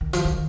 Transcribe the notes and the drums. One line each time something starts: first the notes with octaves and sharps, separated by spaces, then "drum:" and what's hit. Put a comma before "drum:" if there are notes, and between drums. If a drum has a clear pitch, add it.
D#3
F3, drum: hi-hat
D#3